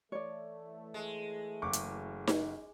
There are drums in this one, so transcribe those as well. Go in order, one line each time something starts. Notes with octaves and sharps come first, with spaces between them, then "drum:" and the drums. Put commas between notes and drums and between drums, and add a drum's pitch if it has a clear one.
E3 A3 C#5 D5
G#3
F#1 C#6 D6
drum: hi-hat
drum: snare D#4